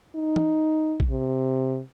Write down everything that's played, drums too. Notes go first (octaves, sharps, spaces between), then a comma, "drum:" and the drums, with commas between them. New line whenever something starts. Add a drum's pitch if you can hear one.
D#4
drum: tom
drum: kick A#1
C3